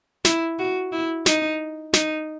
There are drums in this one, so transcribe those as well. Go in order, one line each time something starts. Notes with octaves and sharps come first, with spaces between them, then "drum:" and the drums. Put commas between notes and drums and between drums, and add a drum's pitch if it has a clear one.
E4, drum: snare
F#4
E4
D#4, drum: snare
D#4, drum: snare